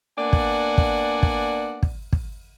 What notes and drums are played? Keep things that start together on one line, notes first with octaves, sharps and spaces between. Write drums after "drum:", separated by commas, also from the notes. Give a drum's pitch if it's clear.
A#3 B3 D4 D5 F#5 G#5
drum: kick
drum: kick
drum: kick
drum: kick
drum: kick